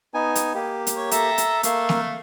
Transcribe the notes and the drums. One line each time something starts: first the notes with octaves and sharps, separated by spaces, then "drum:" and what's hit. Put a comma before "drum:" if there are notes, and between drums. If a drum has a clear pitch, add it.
B3 D#4 G#5
drum: hi-hat
A#3 G4
drum: hi-hat
C#5
A4 E5 A#5, drum: hi-hat
drum: hi-hat
A3 A#3 F5, drum: hi-hat
drum: snare